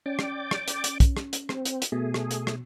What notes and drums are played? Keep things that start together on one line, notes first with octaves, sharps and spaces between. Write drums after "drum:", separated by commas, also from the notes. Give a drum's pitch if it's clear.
C#4 D5 G5 D6
drum: rim click
drum: rim click
drum: hi-hat
drum: hi-hat
drum: kick, hi-hat
drum: rim click
drum: hi-hat
C4, drum: rim click
drum: hi-hat
drum: hi-hat
B2 A3 G#4
drum: rim click
drum: hi-hat
drum: rim click